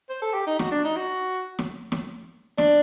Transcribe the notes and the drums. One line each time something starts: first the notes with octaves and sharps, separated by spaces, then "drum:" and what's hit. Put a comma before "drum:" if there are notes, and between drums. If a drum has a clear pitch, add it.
C5
A4
G4
D#4
F#4, drum: snare
D4
D#4
F#4
drum: snare
drum: snare
D4, drum: snare